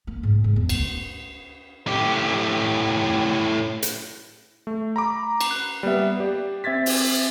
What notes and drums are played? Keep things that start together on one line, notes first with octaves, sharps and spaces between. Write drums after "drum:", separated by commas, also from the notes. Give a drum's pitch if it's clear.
A#3
G#2
G#2
E2
D2, drum: cymbal
A2 G4
drum: hi-hat
A3
A#5 B5 D6
drum: cymbal
F#6
G3 A#3 B3 E5
G4 D5
C4 E5 G#6 A6 B6
drum: open hi-hat